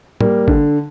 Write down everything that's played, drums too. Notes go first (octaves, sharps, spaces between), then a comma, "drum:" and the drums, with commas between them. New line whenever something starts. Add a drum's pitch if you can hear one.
G3 A#3, drum: tom
D3, drum: kick